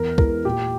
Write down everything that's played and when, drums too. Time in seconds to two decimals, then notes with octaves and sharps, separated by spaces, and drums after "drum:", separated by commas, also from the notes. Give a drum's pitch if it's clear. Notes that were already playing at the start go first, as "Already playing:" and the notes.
Already playing: E2 A#4
0.18 E3 G#3 A#4, drum: kick C2
0.45 A#2 G4